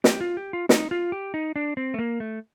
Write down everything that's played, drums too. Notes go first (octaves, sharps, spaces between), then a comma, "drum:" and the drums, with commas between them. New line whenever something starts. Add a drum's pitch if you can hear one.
G4, drum: snare
F4
G4
F4
D#4, drum: snare
F4
G4
D#4
D4
C4
A3
A#3
A3